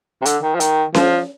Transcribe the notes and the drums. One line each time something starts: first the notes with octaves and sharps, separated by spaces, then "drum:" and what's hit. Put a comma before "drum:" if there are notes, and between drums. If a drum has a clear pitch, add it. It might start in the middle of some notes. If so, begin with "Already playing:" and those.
C3
D3, drum: hi-hat
D#3
F3
D#3, drum: hi-hat
F3, drum: snare C#4